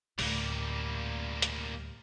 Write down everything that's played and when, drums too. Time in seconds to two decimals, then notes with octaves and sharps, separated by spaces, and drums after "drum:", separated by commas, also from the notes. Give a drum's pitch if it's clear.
0.19 D2 A2 G3 A#3, drum: open hi-hat
1.42 drum: hi-hat